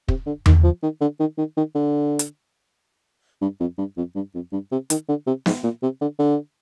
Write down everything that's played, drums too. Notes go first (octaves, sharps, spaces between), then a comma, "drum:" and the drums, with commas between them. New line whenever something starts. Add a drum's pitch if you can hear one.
C3, drum: kick
D3
D#3, drum: tom E2
F3
D#3
D3
D#3
D#3
D#3
D3
drum: hi-hat
G2
F2
G2
F2
G2
F2
G2
C3
D#3, drum: hi-hat
D3
C3
G#2, drum: snare
A#2
C3
D3
D3